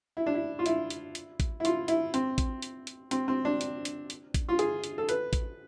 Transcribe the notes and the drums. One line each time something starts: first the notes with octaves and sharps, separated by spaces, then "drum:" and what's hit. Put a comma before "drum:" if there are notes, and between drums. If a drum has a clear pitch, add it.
E4
D4
E4
F4
E4, drum: hi-hat
drum: hi-hat
drum: hi-hat
drum: kick A1, hi-hat
E4
F4, drum: hi-hat
E4, drum: hi-hat
C4, drum: hi-hat
drum: kick A1, hi-hat
drum: hi-hat
drum: hi-hat
C4, drum: hi-hat
C4
D4
drum: hi-hat
drum: hi-hat
drum: hi-hat
drum: kick A1, hi-hat
F4
G#4, drum: hi-hat
drum: hi-hat
A4
B4, drum: hi-hat
drum: kick A1, hi-hat